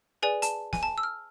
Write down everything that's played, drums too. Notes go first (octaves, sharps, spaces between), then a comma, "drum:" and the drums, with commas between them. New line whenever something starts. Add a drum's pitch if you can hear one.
G#4 B4 D5 G#5
A5, drum: hi-hat
G#5, drum: snare
A5
E6
F6